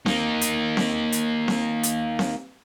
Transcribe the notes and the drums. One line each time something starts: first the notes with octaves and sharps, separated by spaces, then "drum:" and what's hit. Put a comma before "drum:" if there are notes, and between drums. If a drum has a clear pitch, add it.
A#3 D#4, drum: snare C4
drum: hi-hat
drum: snare C4
drum: hi-hat
drum: snare C4
drum: hi-hat
drum: snare C4